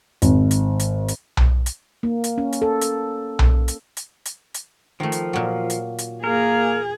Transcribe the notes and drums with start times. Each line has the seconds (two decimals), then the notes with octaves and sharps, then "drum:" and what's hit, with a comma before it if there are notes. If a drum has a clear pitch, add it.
0.22 G#1, drum: hi-hat
0.51 drum: hi-hat
0.80 drum: hi-hat
1.08 drum: hi-hat
1.37 drum: tom B1
1.66 drum: hi-hat
2.03 A#3
2.24 drum: hi-hat
2.38 C#4
2.52 drum: hi-hat
2.62 A4
2.81 drum: hi-hat
3.39 drum: tom B1
3.68 drum: hi-hat
3.97 drum: hi-hat
4.25 drum: hi-hat
4.54 drum: hi-hat
5.00 D#3 F3 A3
5.12 drum: hi-hat
5.33 A#2 F#3
5.70 drum: hi-hat
5.98 drum: hi-hat
6.24 A#3 G#4 A#4